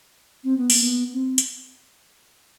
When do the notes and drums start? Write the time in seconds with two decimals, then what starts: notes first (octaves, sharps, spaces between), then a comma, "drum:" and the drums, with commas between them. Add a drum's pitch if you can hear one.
0.44 C4
0.57 B3
0.70 A#3, drum: open hi-hat
0.82 B3
1.13 C4
1.38 drum: hi-hat